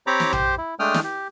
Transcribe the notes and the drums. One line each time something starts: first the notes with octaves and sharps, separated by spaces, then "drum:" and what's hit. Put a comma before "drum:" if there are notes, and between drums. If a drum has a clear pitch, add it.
C4 G4 C#5 A#5 B5 D6
drum: snare
G4 C5, drum: tom A#1
E4
G#3 A3 D4 G5 D#6 F6
drum: snare
G4